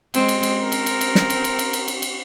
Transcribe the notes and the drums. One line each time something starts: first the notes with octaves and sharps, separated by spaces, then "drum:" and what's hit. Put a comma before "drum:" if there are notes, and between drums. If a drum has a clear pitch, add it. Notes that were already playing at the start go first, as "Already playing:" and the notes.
G#3 C4, drum: cymbal
drum: cymbal
drum: cymbal
C4 A#4
drum: cymbal
drum: cymbal
drum: cymbal
drum: snare
drum: cymbal
drum: cymbal
drum: cymbal
drum: cymbal
drum: cymbal
drum: cymbal